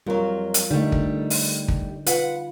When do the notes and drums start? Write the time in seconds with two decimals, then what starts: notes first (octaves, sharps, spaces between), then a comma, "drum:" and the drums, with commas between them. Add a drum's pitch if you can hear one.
0.06 F2 F#3 G3 F4 A#4
0.54 drum: hi-hat
0.71 D3 G3 A3 D#4
0.92 drum: kick
1.30 drum: open hi-hat
1.68 drum: kick
2.06 F4 B4 F#5, drum: hi-hat